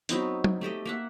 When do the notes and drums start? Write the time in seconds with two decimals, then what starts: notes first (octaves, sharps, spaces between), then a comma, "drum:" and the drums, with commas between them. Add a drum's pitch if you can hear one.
0.09 F#3 B3 C4 D#4, drum: hi-hat
0.44 drum: tom
0.61 A3 G4 A4 D#5
0.85 A#3 E5 F#5